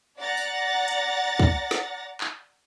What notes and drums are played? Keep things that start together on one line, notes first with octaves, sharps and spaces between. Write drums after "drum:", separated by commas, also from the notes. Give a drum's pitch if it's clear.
D5 F#5 A#5 F#6 A6 A#6
drum: tambourine
drum: hi-hat
drum: kick
drum: snare
drum: clap